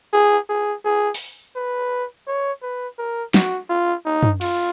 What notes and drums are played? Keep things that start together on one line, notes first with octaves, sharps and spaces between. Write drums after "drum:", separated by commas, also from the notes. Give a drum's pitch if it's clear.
G#4
G#4
G#4
drum: open hi-hat
B4
C#5
B4
A#4
F#4, drum: snare
F4
D#4
drum: tom
F4, drum: cymbal